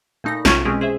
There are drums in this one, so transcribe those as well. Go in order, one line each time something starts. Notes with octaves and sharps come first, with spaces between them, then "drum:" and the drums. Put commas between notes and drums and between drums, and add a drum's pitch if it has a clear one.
A#2 A3 D#4 B5 A#6
B1 C3 C#4 F4 C#6, drum: snare
B2 G#3 C4 C#4 G4 G#4
G#4 C5 E5